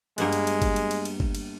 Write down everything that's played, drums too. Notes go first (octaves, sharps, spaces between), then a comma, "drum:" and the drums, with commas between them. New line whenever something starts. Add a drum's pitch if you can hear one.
G2 G#3 A#3 B3, drum: cymbal
drum: cymbal
drum: cymbal
drum: kick G1, cymbal
drum: cymbal
drum: cymbal
drum: cymbal
drum: kick G1
drum: cymbal